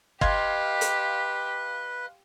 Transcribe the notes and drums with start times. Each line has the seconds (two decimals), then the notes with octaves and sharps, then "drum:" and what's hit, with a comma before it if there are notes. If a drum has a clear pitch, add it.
0.21 G4 B4 D#5 F5 C6 G#6, drum: kick
0.81 drum: hi-hat